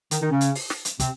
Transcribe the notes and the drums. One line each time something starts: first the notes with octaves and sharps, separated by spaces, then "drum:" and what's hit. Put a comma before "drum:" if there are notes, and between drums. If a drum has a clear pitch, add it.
D#3 D#4, drum: hi-hat
D#3 D#4
C#3 C#4
drum: hi-hat
drum: open hi-hat
drum: snare
drum: hi-hat
C3 C4, drum: kick, hi-hat